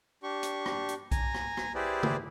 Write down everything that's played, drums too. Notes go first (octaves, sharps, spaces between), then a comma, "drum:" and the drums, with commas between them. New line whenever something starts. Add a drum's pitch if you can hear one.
D4 G4 C#6
drum: hi-hat
drum: rim click
drum: hi-hat
G#5 A#5, drum: kick B1, hi-hat
drum: rim click
drum: rim click
E4 G4 G#4 B4 C5 D5
drum: tom